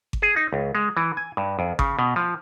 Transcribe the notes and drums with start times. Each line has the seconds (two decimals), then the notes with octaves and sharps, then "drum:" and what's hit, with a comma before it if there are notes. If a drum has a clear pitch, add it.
0.13 drum: kick G#1
0.22 G#4
0.36 D#4
0.53 C#2
0.75 G#3
0.97 E3
1.17 G#5
1.37 G2
1.59 F2
1.79 C#3, drum: kick G#1
1.99 B2
2.16 F3